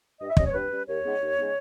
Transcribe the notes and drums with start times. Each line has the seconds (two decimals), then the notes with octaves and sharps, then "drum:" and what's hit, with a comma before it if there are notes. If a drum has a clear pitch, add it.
0.20 G2 D#5
0.28 E5
0.37 G3 C#4 D#5, drum: kick
0.46 C#5
0.53 G2 B4
0.71 G3 C#4
0.87 D#2 C#5
1.03 C#3 G#3 B3 D#4
1.21 D#2
1.37 C#3 G#3 B3 D#4